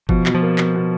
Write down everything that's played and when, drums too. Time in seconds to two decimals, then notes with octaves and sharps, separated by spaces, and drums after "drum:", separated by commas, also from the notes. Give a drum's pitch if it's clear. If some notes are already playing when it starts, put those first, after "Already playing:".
0.09 B2 F3, drum: kick G1
0.26 B2, drum: clap
0.34 F3
0.42 A#3
0.58 B2, drum: clap
0.75 B2